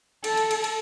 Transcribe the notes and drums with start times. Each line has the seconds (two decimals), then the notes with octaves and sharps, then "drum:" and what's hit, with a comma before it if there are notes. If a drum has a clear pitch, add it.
0.24 A4, drum: cymbal
0.37 drum: cymbal
0.51 drum: cymbal
0.64 drum: cymbal